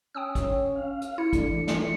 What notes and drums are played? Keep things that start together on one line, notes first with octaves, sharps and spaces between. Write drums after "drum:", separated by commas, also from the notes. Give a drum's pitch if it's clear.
C#4 G5 D#6 E6
drum: kick, hi-hat
F5
drum: hi-hat
E4 C#7
E3 A3 D4, drum: kick, hi-hat
drum: snare